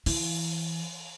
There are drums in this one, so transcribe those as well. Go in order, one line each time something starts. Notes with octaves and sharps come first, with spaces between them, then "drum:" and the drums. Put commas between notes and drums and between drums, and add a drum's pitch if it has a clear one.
E3, drum: open hi-hat